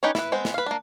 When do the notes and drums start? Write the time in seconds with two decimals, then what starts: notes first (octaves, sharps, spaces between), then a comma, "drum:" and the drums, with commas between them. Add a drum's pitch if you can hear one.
0.03 C#4 D#4 G4 B4 C#5
0.15 E4 B4, drum: snare
0.32 G#3 B3 C4 C5
0.45 drum: snare
0.54 B4 F5
0.66 A#3 D4